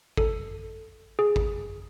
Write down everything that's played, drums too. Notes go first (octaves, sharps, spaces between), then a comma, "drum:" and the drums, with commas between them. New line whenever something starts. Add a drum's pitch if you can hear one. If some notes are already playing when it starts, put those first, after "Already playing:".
A4, drum: kick
G#4
drum: kick